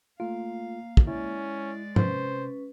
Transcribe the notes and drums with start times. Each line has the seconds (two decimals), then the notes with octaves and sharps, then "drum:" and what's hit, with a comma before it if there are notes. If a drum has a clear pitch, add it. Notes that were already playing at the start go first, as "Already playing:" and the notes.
0.20 A3 A#3 F4 F5
0.97 drum: kick
1.07 G#3 C#4 E4 D5
1.96 C3 C#4 B4 C5, drum: tom